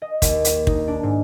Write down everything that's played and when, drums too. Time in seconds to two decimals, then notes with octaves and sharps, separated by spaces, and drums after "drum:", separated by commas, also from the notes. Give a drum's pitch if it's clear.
0.02 D#5
0.22 D#2, drum: kick, hi-hat
0.45 drum: hi-hat
0.67 D#4, drum: kick
0.88 D4
1.03 G#2